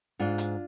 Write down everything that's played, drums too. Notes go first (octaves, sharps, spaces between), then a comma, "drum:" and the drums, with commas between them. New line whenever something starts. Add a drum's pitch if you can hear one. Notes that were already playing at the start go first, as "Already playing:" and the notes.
G#2 D4 F4
drum: hi-hat